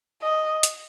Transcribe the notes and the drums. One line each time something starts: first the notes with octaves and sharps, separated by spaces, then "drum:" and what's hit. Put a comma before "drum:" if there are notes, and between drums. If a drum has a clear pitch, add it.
D#5
drum: hi-hat